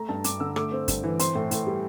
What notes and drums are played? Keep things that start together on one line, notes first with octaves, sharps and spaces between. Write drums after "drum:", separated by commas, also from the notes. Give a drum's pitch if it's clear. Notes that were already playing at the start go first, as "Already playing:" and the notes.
Already playing: A3 A#5
G2 A5
G2 D6, drum: hi-hat
D3 E6
A3 D6, drum: rim click
C4
G2, drum: kick, hi-hat
E3
C4 C6, drum: hi-hat
A2
A2, drum: hi-hat
G3